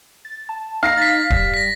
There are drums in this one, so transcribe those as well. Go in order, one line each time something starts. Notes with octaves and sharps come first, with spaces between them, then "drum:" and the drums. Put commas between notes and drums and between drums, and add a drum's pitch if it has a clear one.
A6
A5
D#4 F5 A#6 C7
A6 B6
G3, drum: kick D1
A#6 B6